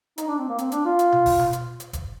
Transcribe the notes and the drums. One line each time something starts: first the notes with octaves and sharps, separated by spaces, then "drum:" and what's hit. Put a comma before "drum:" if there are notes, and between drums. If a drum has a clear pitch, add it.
D#4, drum: hi-hat
D4
C4
A#3
C4, drum: hi-hat
D4, drum: hi-hat
F4
drum: hi-hat
drum: tom B2
drum: kick F1, open hi-hat
drum: tom B2
drum: hi-hat
drum: hi-hat
drum: kick F1, hi-hat